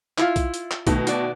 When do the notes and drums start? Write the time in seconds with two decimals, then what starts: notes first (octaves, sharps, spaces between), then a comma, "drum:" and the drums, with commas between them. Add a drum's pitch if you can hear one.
0.18 E4 F4, drum: clap
0.36 drum: kick, hi-hat
0.54 drum: hi-hat
0.71 drum: clap
0.87 B2 D#3 A3, drum: kick, hi-hat
1.07 F#4 D5, drum: hi-hat